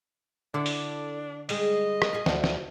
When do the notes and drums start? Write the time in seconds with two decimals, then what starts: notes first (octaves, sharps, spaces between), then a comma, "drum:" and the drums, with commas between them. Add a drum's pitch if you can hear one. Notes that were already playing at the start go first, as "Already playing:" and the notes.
0.54 D3 D4 E4 A4
0.66 drum: open hi-hat
1.49 G3 G#3 G#4 D#5, drum: open hi-hat
2.02 drum: rim click
2.13 F4 G#4
2.26 D2 F#4 A4, drum: snare
2.44 drum: snare